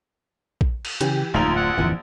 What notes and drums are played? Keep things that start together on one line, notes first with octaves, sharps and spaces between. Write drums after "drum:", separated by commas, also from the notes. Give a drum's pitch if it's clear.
drum: kick A#1
drum: cymbal
C#3 E3 G4, drum: hi-hat
D1 A#1 F2 A3 D#4 F4 C6 F7
F#5
D1 F2 D#3 E3